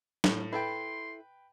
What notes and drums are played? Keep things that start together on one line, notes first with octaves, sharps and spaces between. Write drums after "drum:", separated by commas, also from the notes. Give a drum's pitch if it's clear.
A2, drum: snare
E4 A4 B4 G5 C6